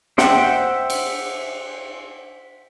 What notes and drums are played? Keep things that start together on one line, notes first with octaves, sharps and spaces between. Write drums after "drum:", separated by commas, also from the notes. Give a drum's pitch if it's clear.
C5 E5 F#5 G5, drum: snare
drum: cymbal